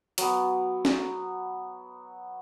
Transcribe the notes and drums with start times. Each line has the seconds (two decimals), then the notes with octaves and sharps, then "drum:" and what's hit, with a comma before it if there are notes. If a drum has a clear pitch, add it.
0.18 F#3 B3, drum: hi-hat
0.85 drum: snare